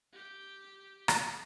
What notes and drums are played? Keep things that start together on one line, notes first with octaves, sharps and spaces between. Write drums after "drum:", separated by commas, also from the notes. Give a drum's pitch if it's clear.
G4 G5
drum: rim click